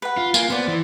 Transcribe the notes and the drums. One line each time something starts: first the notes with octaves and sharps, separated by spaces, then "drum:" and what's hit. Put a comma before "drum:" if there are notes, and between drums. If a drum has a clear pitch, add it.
B4 F#5
F4
A#3 F4 G#5, drum: tambourine
B3 C5 D5
E3